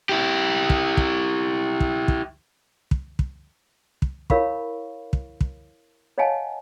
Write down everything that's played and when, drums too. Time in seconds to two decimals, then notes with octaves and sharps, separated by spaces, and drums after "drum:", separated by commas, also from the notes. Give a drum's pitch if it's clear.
0.09 E4 G4
0.70 drum: kick
0.97 drum: kick
1.80 drum: kick
2.08 drum: kick
2.91 drum: kick
3.19 drum: kick
4.02 drum: kick
4.30 E4 A#4 C#5 F5 B5 C#6, drum: kick
5.13 drum: kick
5.41 drum: kick
6.18 C#5 D#5 F5 F#5 G#5 A5